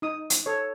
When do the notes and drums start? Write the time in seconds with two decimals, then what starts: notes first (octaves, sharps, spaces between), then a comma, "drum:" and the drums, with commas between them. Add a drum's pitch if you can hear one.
0.02 D#4 D#6
0.30 drum: hi-hat
0.46 A4 C#5